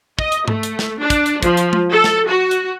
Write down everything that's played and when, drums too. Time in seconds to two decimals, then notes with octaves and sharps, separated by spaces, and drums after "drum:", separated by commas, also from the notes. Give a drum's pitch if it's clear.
0.19 D#5, drum: kick
0.32 drum: hi-hat
0.48 A3, drum: tom G#2
0.63 drum: hi-hat
0.79 drum: snare
1.01 D4
1.10 drum: kick, hi-hat
1.26 drum: hi-hat
1.43 F3, drum: kick, hi-hat
1.57 drum: hi-hat
1.73 drum: tom
1.92 A4
2.04 drum: snare
2.28 F#4
2.51 drum: hi-hat